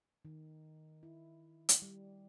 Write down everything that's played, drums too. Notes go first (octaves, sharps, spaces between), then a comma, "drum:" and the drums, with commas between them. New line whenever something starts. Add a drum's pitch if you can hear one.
D#3
E4
drum: hi-hat
G3